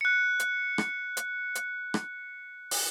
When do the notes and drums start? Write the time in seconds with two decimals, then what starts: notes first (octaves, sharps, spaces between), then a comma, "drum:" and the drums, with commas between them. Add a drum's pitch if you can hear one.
0.01 F#6 C#7
0.40 drum: hi-hat
0.78 drum: rim click
1.17 drum: hi-hat
1.55 drum: hi-hat
1.94 drum: rim click
2.71 drum: open hi-hat